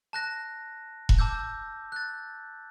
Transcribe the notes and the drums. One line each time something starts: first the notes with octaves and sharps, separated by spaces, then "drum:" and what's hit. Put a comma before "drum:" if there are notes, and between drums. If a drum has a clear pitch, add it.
A5 F#6 A#6
drum: kick E1
A5 D6 E6 G6
F#6 A6